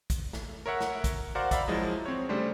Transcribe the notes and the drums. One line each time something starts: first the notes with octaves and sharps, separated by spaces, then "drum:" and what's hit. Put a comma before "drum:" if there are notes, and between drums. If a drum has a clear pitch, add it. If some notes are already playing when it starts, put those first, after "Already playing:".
drum: kick, hi-hat
drum: snare
A#4 C#5 E5 F#5
drum: snare
drum: kick, hi-hat
F#4 A#4 C5 D5 F5 F#5
D5 E5 F5 A#5 B5, drum: kick, hi-hat
F3 F#3 G#3 E4 D#5
C4 C#5
C#3 G3 A3 D4 C5